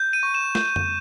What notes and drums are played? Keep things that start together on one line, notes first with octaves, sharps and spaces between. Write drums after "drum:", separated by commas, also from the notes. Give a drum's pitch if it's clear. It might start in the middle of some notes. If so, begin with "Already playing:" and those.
Already playing: G6
D#7
C#6
E7
G6, drum: snare
drum: tom F2